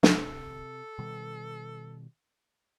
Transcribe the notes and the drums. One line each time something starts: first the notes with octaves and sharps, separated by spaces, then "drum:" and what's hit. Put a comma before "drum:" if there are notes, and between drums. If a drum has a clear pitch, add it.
C3 A4, drum: snare
B2 D#3 G3